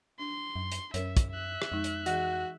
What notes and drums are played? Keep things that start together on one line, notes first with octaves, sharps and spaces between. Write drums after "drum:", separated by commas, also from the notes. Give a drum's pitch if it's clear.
D4 C6
F#2
drum: hi-hat
F#2 C#4 A#4 C#5 E5, drum: hi-hat
drum: kick, hi-hat
E5 F#6
drum: rim click
F2 G#3 D#4
drum: hi-hat
E3 F#4 G#4, drum: hi-hat